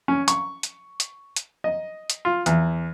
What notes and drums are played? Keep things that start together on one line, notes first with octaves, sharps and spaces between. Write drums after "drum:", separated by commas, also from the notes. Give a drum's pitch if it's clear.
C#4
C#6, drum: hi-hat
drum: hi-hat
drum: hi-hat
drum: hi-hat
D#5
drum: hi-hat
F4
E2, drum: hi-hat